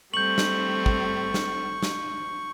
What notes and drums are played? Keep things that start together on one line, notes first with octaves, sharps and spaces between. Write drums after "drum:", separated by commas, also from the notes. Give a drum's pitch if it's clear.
G3 A3 C4 C#6 G6 F#7
drum: snare
drum: kick
drum: snare
drum: snare